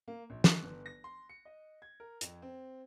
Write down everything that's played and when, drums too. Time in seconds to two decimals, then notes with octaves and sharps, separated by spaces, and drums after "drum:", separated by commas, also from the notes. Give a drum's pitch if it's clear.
0.08 A#3
0.30 A#1
0.44 F#6, drum: snare
0.63 G1
0.86 A#6
1.04 C6
1.29 C#7
1.45 D#5
1.82 G#6
2.00 A#4
2.21 F2, drum: hi-hat
2.42 C4